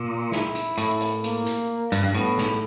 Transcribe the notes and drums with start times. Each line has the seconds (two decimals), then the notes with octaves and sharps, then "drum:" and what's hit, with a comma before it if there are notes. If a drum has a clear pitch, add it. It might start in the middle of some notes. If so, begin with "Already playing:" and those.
Already playing: A#2
0.32 E4, drum: snare
0.55 drum: hi-hat
0.78 A2, drum: hi-hat
1.01 drum: hi-hat
1.24 A#3, drum: hi-hat
1.46 drum: hi-hat
1.92 G2, drum: hi-hat
2.03 G2
2.14 A2 B3, drum: hi-hat
2.38 drum: snare